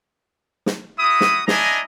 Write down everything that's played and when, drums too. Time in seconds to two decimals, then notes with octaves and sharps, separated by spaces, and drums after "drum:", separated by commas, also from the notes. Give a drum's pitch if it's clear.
0.66 drum: snare
0.99 E4 F#4 D#6
1.21 drum: snare
1.48 D4 E4 D#5 G#5 A#5, drum: snare